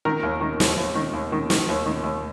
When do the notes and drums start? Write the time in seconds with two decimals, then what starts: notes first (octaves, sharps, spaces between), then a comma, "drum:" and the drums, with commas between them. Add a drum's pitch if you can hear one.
0.05 D#3 A#4
0.23 D#2
0.41 D#3
0.60 D#2, drum: snare
0.77 D#2
0.95 D#3
1.13 D#2
1.32 D#3
1.50 D#3, drum: snare
1.69 D#2
1.86 D#3
2.03 D#2